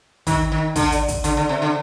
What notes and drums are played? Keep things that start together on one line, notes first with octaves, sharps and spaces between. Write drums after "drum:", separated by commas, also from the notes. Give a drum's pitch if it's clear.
D#3, drum: kick, hi-hat
D#3
D3, drum: kick, hi-hat
drum: hi-hat
drum: kick, hi-hat
D3, drum: hi-hat
D3
C3
D3